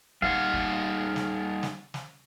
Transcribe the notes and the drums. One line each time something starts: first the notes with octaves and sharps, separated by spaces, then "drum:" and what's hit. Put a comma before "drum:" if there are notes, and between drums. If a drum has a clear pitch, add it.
G3 D#4 F5 F#5, drum: kick
drum: kick
drum: snare
drum: snare
drum: snare